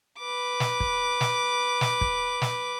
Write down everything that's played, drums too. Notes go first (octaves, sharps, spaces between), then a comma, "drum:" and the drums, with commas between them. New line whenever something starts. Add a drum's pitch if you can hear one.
B4 D6
drum: snare
drum: kick
drum: snare
drum: snare
drum: kick
drum: snare